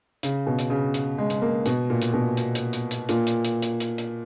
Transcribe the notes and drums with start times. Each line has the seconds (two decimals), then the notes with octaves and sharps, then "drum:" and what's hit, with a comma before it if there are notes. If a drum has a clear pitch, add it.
0.23 C#3, drum: hi-hat
0.47 B2
0.59 drum: hi-hat
0.70 C#3
0.94 drum: hi-hat
1.18 G#3
1.30 drum: hi-hat
1.42 A#3
1.66 B2, drum: hi-hat
1.90 A#2
2.02 drum: hi-hat
2.13 B2
2.37 drum: hi-hat
2.55 drum: hi-hat
2.73 drum: hi-hat
2.91 drum: hi-hat
3.09 A#2, drum: hi-hat
3.27 drum: hi-hat
3.45 drum: hi-hat
3.62 drum: hi-hat
3.80 drum: hi-hat
3.98 drum: hi-hat